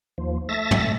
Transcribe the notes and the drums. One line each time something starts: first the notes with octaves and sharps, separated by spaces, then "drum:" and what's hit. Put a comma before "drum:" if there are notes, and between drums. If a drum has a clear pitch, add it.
D#2 F3
A3 E5 A6 A#6
drum: tom